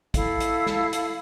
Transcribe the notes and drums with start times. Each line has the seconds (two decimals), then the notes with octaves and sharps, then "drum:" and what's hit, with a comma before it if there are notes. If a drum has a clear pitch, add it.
0.14 E4 A4 F5, drum: kick, hi-hat
0.40 drum: hi-hat
0.66 drum: snare
0.93 drum: hi-hat